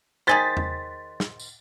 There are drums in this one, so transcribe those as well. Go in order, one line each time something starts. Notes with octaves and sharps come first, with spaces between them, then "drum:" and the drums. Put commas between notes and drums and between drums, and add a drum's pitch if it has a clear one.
D#3 G#4 C5 A6 B6
drum: tom E2
drum: snare
drum: tambourine